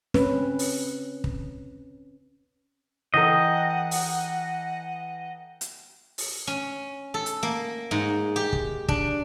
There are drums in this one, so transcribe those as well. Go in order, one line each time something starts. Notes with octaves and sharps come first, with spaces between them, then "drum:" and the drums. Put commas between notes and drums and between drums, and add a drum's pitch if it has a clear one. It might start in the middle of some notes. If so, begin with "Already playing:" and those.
C4 C#4 B4, drum: snare
drum: open hi-hat
drum: kick
E3 A4 D#5 F#5 G5 A#5
drum: open hi-hat
drum: hi-hat
drum: open hi-hat
C#4
A4
drum: hi-hat
A#3
G#2
G4
drum: kick
D4, drum: kick